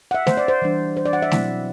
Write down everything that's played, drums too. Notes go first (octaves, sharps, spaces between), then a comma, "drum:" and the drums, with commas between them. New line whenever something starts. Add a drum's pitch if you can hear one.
F#5
E5
C5, drum: snare
D5
C5
E3 G3 D4
C5
D5
F#5
E5
B2 F#3 C4 E4, drum: snare